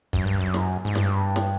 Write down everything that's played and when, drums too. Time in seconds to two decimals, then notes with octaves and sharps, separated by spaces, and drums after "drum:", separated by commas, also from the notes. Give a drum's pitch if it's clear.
0.13 F#2, drum: kick, hi-hat
0.25 G2
0.38 F#2
0.54 drum: snare
0.85 G#2
0.95 G2, drum: snare
1.36 drum: snare